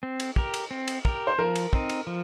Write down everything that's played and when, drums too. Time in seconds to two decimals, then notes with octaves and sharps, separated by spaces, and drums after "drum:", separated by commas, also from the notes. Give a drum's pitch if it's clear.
0.03 C4
0.20 drum: cymbal
0.36 G4 A#4, drum: kick
0.54 drum: cymbal
0.71 C4
0.88 drum: cymbal
1.05 G4 A#4, drum: kick
1.27 C5
1.38 F3 A#4
1.55 drum: cymbal
1.73 C4 D#4, drum: kick
1.89 drum: cymbal
2.07 F3